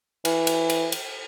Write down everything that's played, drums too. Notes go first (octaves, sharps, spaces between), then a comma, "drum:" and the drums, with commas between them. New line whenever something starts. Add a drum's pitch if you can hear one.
E3, drum: cymbal
drum: cymbal
drum: cymbal
drum: cymbal